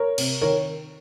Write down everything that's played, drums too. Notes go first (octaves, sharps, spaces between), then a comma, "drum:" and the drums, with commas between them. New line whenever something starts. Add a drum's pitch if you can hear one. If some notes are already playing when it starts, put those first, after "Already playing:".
Already playing: A#4 C#5
C3, drum: cymbal
D#3 A#4 C#5